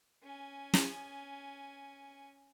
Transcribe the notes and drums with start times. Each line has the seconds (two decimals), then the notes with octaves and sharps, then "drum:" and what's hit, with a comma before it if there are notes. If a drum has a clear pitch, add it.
0.23 C#4 G#5
0.74 drum: snare